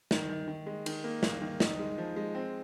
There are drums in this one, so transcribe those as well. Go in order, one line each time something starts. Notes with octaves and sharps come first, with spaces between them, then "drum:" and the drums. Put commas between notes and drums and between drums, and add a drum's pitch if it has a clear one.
D#3, drum: snare
D#3
D#3
G#3
D#3, drum: cymbal
A#3
A#3, drum: snare
D#3
D#4, drum: snare
G#3
F3
G#3
C4